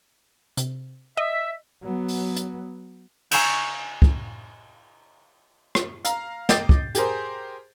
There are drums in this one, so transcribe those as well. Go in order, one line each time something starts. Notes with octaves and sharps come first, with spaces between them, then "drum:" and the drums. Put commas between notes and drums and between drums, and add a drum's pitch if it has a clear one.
C3, drum: hi-hat
D#5 E5
F#3 B3
drum: open hi-hat
drum: hi-hat
G#5 A#5 C#6 E6 G6 G#6, drum: cymbal
drum: kick
drum: rim click
F5 A#5, drum: hi-hat
D#5 G5 D6 G6 A6 C7, drum: snare
drum: kick
G4 G#4 A#4 C5, drum: hi-hat